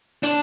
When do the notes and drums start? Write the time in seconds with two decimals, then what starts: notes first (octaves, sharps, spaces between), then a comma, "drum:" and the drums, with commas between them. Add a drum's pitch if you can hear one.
0.23 D4, drum: hi-hat